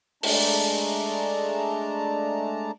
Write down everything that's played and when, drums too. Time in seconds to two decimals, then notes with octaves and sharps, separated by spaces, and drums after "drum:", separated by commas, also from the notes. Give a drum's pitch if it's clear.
0.23 G#3 A3 D4 A5 A#5, drum: open hi-hat